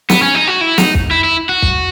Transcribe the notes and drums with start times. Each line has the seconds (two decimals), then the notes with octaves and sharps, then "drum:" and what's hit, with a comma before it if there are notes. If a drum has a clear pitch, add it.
0.10 B3, drum: snare
0.22 C#4
0.35 D#4
0.47 F#4
0.61 E4
0.78 D#4, drum: snare
0.95 drum: kick
1.11 E4
1.24 E4
1.49 F#4
1.62 drum: kick